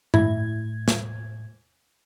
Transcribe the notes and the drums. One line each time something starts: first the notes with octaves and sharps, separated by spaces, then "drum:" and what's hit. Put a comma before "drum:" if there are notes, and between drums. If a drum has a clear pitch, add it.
A2 E4 G#6, drum: tom G2
drum: snare